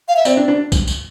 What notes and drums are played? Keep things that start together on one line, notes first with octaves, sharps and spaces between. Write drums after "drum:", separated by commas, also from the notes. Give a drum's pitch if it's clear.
F5
E5
C4 D5, drum: tambourine
D4
D4
drum: kick, tambourine
drum: tambourine